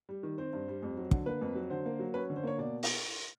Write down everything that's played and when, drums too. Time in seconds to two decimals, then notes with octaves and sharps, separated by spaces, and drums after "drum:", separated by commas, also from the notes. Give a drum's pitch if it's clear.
0.09 G3
0.23 D#3
0.38 C4 C5
0.53 G2
0.68 G3
0.82 F2
0.97 F#3
1.11 D3, drum: kick
1.26 A#3 B4
1.41 F2
1.55 F#3
1.70 D3 C5
1.86 A#3
2.00 F#3
2.14 C#4 B4
2.30 D3
2.36 C5
2.43 A#3 C#5
2.58 B2 D5
2.83 drum: open hi-hat